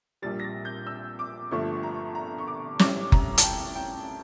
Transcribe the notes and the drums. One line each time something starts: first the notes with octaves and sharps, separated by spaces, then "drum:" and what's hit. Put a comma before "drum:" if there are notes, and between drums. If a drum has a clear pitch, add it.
A#1 A#2 G3 A6
A#6
A6
G6
E6
D6
G1 G2 F3 A3 C#6
A#5
A#5
C#6
D6
A1 A2 G3 C#4 D6, drum: snare
A#5, drum: kick F#1
A5, drum: hi-hat
G5
G5